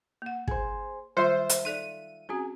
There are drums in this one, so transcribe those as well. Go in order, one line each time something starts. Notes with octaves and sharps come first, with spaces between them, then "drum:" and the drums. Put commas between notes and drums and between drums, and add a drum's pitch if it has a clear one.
A#3 F#5
G#4 C5, drum: kick
D#3 F#3 G3 F4 C5 E5
drum: hi-hat
D#4 A4 D5 D#7
C4 C#4 F#4 G#4